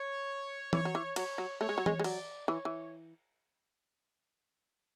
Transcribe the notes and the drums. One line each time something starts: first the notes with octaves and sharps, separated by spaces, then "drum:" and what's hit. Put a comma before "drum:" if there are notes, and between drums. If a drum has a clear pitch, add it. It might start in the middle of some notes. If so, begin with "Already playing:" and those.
Already playing: C#5
E3 C#5, drum: tom E3
F#3
E3
F#3 C#5, drum: cymbal
F#3
A3 C#5
G#3
F#3
G#3, drum: tom E3
G#3
F#3 D5, drum: cymbal
E3 C#5
E3